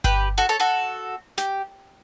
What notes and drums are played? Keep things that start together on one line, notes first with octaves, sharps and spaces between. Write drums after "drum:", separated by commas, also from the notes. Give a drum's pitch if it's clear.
G4 B4, drum: kick G1
F#4 A4
A4 C#5
F#4 A4
G4, drum: snare